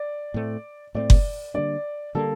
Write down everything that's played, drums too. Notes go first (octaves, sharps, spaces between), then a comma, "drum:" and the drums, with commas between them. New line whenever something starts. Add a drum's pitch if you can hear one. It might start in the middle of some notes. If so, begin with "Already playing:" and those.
Already playing: D5
A2 A3 C4
A2 A3 C4 D5
drum: kick F#1
D3 G3 A#3 D4 D5
D3 G3 A#3 D4 A4